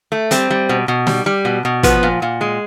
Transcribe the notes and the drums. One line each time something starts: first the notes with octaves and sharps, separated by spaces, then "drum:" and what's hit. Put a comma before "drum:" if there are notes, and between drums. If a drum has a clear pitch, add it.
A3
G3 C4, drum: hi-hat
G3
B2
B2
G3, drum: snare
G3
B2
B2
F3 B3, drum: kick, hi-hat
A#2
A#2
G#3